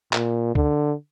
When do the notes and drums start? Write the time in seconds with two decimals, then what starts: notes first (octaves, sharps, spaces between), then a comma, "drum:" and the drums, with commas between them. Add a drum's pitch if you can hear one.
0.13 A#2, drum: clap
0.55 D3, drum: kick C#2